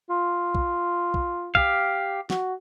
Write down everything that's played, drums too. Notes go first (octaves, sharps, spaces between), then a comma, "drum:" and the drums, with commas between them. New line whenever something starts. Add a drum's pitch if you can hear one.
F4
drum: kick
drum: kick
G4 F5, drum: kick
F#4, drum: snare